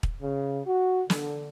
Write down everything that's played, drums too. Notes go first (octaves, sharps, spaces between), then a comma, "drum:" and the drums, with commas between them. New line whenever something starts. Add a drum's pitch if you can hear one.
drum: kick
C#3
F#4
D3, drum: snare